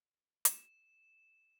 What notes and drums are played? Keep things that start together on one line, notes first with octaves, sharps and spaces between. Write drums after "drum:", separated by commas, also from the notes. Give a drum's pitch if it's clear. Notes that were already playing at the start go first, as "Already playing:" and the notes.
E7, drum: hi-hat